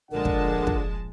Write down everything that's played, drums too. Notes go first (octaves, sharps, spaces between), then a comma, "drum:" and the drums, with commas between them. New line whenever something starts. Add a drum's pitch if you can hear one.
A#1 D3 F3 G#3 D4 A#4 F#5 A5
drum: kick
drum: kick